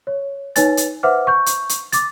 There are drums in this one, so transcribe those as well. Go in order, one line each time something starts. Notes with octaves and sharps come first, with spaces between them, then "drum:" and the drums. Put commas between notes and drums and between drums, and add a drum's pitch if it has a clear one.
C#5
D#4 B4 C#5 G#5 A6, drum: hi-hat
drum: hi-hat
B4 C5 E5 F#5 D6 F6
C#6 G6
drum: hi-hat
drum: hi-hat
D6 A6, drum: hi-hat